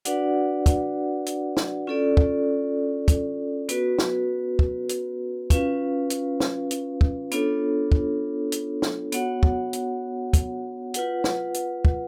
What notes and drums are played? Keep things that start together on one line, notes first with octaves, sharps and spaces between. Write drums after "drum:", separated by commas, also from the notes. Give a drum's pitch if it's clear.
D4 F#4 B4 D5 F#5, drum: hi-hat
drum: kick, hi-hat
drum: hi-hat
drum: snare
C#4 F4 A4 D5
drum: kick
drum: kick, hi-hat
B3 F#4 B4, drum: hi-hat
drum: snare
drum: kick
drum: hi-hat
C#4 F4 B4 F5, drum: kick, hi-hat
drum: hi-hat
drum: snare
drum: hi-hat
drum: kick
B3 D4 F4 A4 C#5, drum: hi-hat
drum: kick
drum: hi-hat
drum: snare
B3 F#4 C#5 F#5, drum: hi-hat
drum: kick
drum: hi-hat
drum: kick, hi-hat
F4 B4 F#5, drum: hi-hat
drum: snare
drum: hi-hat
drum: kick